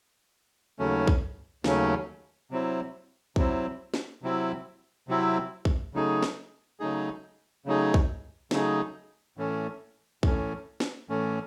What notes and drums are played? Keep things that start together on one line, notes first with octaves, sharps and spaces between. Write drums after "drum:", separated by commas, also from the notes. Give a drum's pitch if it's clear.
D#2 C#3 F#3 A3 C#4
drum: kick
D#2 C#3 F#3 A3 C#4, drum: snare
C3 F#3 C4 E4
C3 F#3 C4 E4, drum: kick
drum: snare
C3 F#3 C4 E4
C3 F#3 C4 E4
drum: kick
C#3 F#3 A3 D#4 G#4
drum: snare
C#3 F#3 A3 D#4 G#4
C#3 F#3 A3 D#4 G#4
drum: kick
C#3 F#3 A3 D#4 G#4, drum: snare
A2 E3 A3 C#4
A2 E3 A3 C#4, drum: kick
drum: snare
A2 E3 A3 C#4